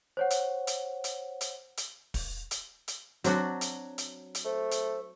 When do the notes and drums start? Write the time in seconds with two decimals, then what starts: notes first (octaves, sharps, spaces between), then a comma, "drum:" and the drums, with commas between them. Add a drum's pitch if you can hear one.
0.17 C5 C#5 F#5
0.30 drum: hi-hat
0.67 drum: hi-hat
1.04 drum: hi-hat
1.41 drum: hi-hat
1.77 drum: hi-hat
2.14 drum: kick, open hi-hat
2.51 drum: hi-hat
2.88 drum: hi-hat
3.24 F#3 C4 D4 F#4, drum: hi-hat
3.61 drum: hi-hat
3.98 drum: hi-hat
4.35 drum: hi-hat
4.45 A3 C5
4.71 drum: hi-hat